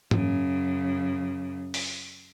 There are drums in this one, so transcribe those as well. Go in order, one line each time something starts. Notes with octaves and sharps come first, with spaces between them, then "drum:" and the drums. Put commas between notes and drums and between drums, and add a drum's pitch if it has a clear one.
F#2 C#3, drum: tom G#2
drum: open hi-hat